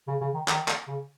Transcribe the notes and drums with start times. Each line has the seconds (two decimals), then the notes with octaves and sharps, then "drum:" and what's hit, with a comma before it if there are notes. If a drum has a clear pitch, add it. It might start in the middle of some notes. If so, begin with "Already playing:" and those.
0.08 C#3
0.21 C#3
0.34 D#3
0.48 D#3, drum: clap
0.68 drum: clap
0.88 C#3